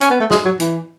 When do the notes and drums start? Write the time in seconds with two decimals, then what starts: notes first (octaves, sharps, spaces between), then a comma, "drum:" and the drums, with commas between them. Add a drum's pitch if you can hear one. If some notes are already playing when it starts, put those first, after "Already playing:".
0.01 C#4, drum: hi-hat
0.10 B3
0.20 A3
0.31 G#3, drum: snare
0.45 F#3
0.60 E3, drum: hi-hat